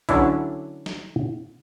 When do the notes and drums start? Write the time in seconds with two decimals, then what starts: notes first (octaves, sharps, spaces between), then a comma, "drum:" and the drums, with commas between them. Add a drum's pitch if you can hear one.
0.09 D3 F#3 C#4 D4 E4, drum: kick A#1, hi-hat
0.86 drum: snare